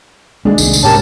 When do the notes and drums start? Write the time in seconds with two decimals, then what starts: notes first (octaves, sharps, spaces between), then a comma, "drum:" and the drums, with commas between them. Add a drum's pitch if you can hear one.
0.45 D#3 G#3 A#3 B3 D4 G#4
0.58 C2 C3 D#3, drum: tambourine
0.73 drum: tambourine
0.83 G#2 A#3 C#4 G4 A#4 A5